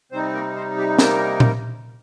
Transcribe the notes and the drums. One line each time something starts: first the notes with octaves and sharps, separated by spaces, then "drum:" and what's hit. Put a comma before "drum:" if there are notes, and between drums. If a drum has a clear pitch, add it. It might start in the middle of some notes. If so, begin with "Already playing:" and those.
C3 G3 C4 D#4 C5
A#3 A#4
C4 C5
G4
A#3 A#4, drum: snare
drum: tom A#2